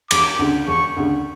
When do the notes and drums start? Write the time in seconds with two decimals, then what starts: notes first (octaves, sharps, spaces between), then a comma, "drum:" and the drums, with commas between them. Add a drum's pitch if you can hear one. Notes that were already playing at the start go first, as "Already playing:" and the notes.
0.11 E1 D6, drum: cymbal
0.39 D2 C#3
0.67 E1 C#6
0.97 D2 C#3